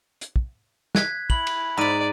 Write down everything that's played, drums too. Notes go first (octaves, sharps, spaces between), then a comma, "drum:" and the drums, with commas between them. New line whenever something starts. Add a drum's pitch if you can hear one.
drum: hi-hat
drum: kick
F#6 G#6 B6, drum: snare
E4 F#7, drum: kick
drum: cymbal
G#2 D5 A#5 B5 D#7